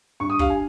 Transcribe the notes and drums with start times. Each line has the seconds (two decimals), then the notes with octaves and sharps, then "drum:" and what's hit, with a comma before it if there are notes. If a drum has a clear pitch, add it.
0.20 G2 C#6
0.30 D#6
0.39 G3 F5, drum: kick
0.50 G#5